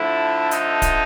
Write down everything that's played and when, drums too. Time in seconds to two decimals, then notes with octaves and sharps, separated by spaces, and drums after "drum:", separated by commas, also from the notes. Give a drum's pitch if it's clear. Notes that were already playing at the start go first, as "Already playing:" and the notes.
Already playing: D3 F3 A3 E4
0.51 D#4, drum: hi-hat
0.82 drum: kick D1, hi-hat